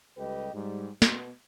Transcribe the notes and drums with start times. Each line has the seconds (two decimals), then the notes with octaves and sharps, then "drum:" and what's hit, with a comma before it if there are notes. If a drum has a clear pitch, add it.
0.17 C#2 G3 G4 A4 B4 D#5
0.54 G#2 G3
1.02 B2, drum: snare